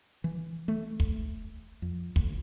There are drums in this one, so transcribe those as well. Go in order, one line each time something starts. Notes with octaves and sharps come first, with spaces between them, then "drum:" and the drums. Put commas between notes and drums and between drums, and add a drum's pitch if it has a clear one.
E3
A3
drum: kick
F2
D2, drum: kick